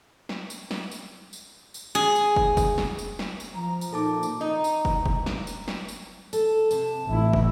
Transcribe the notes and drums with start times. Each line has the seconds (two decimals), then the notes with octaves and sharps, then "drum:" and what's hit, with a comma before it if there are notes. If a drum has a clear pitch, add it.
0.29 drum: snare
0.50 drum: tambourine
0.71 drum: snare
0.91 drum: tambourine
1.33 drum: tambourine
1.74 drum: tambourine
1.95 G#4
2.16 drum: tambourine
2.36 drum: kick
2.57 drum: kick, tambourine
2.78 drum: snare
2.98 drum: tambourine
3.19 drum: snare
3.40 drum: tambourine
3.54 F3 A#5
3.81 drum: tambourine
3.93 A#2 D#4 A4 A5 D6
4.23 drum: tambourine
4.41 D#4
4.64 drum: tambourine
4.85 drum: kick
5.06 drum: kick
5.26 drum: snare
5.47 drum: tambourine
5.68 drum: snare
5.88 drum: tambourine
6.33 A4, drum: tambourine
6.71 C3 A5, drum: tambourine
7.07 A1 E4
7.33 drum: kick